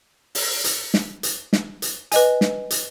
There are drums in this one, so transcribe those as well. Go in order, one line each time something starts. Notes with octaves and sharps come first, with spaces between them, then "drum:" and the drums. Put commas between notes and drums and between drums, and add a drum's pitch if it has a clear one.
drum: open hi-hat
drum: hi-hat
drum: snare
drum: hi-hat
drum: snare
drum: hi-hat
B4 D#5 G#5, drum: hi-hat
drum: snare
drum: hi-hat